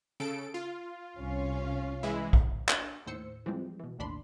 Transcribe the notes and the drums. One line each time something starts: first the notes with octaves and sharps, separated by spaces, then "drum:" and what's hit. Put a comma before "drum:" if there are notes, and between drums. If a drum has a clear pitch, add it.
C#3 A4 D7
F4
C2 C#4 F5
E3 G#3 E4
drum: kick
D4 D#5, drum: clap
D#2 A2 C5 E6 C#7
E3 F3 G3 G#3 C4
B2 E3
A1 D#2 D4 B5 C6